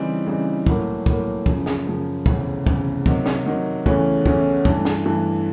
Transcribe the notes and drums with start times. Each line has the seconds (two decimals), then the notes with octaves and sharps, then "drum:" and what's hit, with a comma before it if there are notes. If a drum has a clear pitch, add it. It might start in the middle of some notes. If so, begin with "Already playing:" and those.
Already playing: C#3 E3 G3 C4 D#4
0.26 C#3 E3 G3 C4 D#4
0.66 A2 F#3 A#3, drum: kick
1.06 A2 F#3 A#3, drum: kick
1.46 F#2 C#3 F3, drum: kick
1.66 drum: snare
1.86 F#2 C#3 F3
2.26 F1 E2 C#3, drum: kick
2.66 F1 E2 C#3, drum: kick
3.06 C3 D#3 F#3, drum: kick
3.26 drum: snare
3.46 C3 D#3 F#3
3.86 E2 C#3 E3 A3 C#4, drum: kick
4.26 E2 C#3 E3 A3 C#4, drum: kick
4.65 G2 E3 A3, drum: kick
4.85 drum: snare
5.05 G2 E3 A3